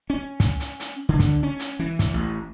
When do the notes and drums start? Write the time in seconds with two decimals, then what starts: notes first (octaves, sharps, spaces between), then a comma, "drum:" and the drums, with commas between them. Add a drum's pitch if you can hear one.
0.10 C#4
0.40 drum: kick, hi-hat
0.60 drum: hi-hat
0.80 drum: hi-hat
1.09 D3
1.20 drum: kick, hi-hat
1.43 C#4
1.59 drum: hi-hat
1.79 E3
1.99 drum: kick, hi-hat
2.14 A1